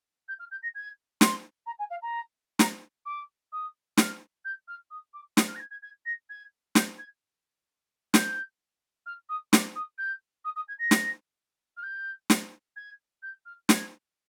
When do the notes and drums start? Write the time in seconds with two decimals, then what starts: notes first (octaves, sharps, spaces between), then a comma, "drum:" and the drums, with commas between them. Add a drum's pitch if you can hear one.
0.28 G6
0.39 F6
0.51 G6
0.63 A#6
0.75 G#6
1.21 C6, drum: snare
1.66 A#5
1.79 G#5
1.90 F5
2.02 A#5
2.59 A#5, drum: snare
3.06 D6
3.52 D#6
3.97 F6, drum: snare
4.45 G6
4.68 F6
4.91 D#6
5.13 D6
5.37 D#6, drum: snare
5.48 F6
5.55 A#6
5.59 G#6
5.71 G#6
5.82 G#6
6.05 A#6
6.29 G#6
6.75 G6, drum: snare
6.98 G#6
8.14 G6, drum: snare
9.06 F6
9.29 D#6
9.53 D6, drum: snare
9.75 D#6
9.98 G6
10.45 D#6
10.56 D#6
10.68 G#6
10.79 A#6
10.91 drum: snare
11.77 F6
11.83 G6
12.30 drum: snare
12.76 G#6
13.22 G6
13.45 F6
13.69 G#6, drum: snare